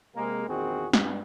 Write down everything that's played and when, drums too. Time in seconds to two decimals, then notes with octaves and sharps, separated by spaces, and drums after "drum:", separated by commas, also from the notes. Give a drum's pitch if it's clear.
0.15 C3 G#3 A#3
0.48 A#1 E2 D#3 C4 F#4 G#4
0.93 G2, drum: snare